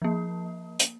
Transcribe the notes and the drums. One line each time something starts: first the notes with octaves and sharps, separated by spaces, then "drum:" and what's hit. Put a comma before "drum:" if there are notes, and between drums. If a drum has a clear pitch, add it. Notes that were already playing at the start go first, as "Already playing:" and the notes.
F3 A#3
drum: hi-hat